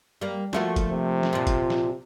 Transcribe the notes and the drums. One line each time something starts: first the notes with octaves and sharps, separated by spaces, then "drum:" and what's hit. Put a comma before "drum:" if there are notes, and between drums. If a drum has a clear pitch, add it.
G3 A#3
F3 A3 A#3 F#4, drum: snare
drum: kick, hi-hat
C3
drum: snare
A#2 F3
drum: kick, hi-hat
drum: snare